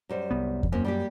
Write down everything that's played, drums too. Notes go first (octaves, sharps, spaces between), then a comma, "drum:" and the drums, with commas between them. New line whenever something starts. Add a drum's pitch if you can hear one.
F#2 G3 C5
C2 B3
drum: kick E2
F#2 A#3 C4 C#4
G3 A#3 G4